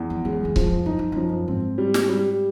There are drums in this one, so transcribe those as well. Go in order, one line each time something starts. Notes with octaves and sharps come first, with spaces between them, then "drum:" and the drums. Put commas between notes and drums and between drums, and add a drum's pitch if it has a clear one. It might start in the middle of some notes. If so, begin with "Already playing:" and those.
Already playing: E2
F2
F#2 G#3
E2
E2 F3, drum: kick C#1
F2
F#2 D#4
F2
F#2 F3
G#2 C4
G3
drum: snare
G3